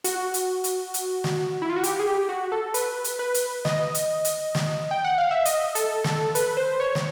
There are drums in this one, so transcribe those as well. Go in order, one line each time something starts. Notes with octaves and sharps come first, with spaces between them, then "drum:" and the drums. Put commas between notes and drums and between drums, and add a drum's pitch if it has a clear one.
F#4, drum: hi-hat
drum: hi-hat
drum: hi-hat
drum: hi-hat
drum: snare
E4
F4
F#4
G4, drum: hi-hat
G#4
G4
F#4
A4
B4, drum: hi-hat
drum: hi-hat
B4
drum: hi-hat
D#5, drum: snare
drum: hi-hat
drum: hi-hat
drum: snare
G5
F#5
F5
E5
D#5, drum: hi-hat
A4, drum: hi-hat
A4, drum: snare
B4, drum: hi-hat
C5
C#5
drum: snare